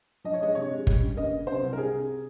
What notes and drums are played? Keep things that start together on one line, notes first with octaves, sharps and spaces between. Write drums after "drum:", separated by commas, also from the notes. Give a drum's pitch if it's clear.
F3 D#5
C#5
G#3 D#5
C3 C#5
G#3
G3, drum: kick
C#3
A#3 D#5
C#3
C3 C5
C2
A#4
C3 G#4
C3